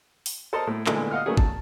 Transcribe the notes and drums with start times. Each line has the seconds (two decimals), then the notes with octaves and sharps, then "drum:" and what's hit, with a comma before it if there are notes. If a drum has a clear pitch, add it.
0.26 drum: open hi-hat
0.53 A4 A#4 C5 D#5 A5
0.67 A2
0.86 A#2 D3 E3 G#3 A3 B3, drum: clap
1.11 D#5 F5 F#5 F6
1.26 D#3 F#3 A3 B3 C#4 G#4
1.37 A5, drum: kick G1